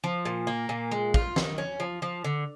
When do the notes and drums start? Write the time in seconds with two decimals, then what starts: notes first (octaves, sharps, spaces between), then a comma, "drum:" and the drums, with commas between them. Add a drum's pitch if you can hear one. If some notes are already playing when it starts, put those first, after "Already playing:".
0.04 F3
0.25 A#2
0.47 A#3
0.69 A#2
0.91 G#3
1.14 F4, drum: kick
1.36 D#3, drum: snare
1.58 C#4
1.80 F3
2.02 F3
2.24 D3